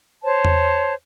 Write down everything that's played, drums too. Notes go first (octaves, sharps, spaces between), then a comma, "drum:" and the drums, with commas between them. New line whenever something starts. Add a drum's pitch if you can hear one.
C5 C#5 A5
drum: tom E2